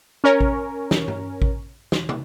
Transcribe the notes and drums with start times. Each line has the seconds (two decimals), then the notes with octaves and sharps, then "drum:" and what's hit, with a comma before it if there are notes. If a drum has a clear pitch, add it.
0.24 C#4 A#4 C#5
0.41 drum: kick A1
0.91 drum: snare
1.08 drum: tom G2
1.42 drum: kick A1
1.92 drum: snare
2.09 drum: tom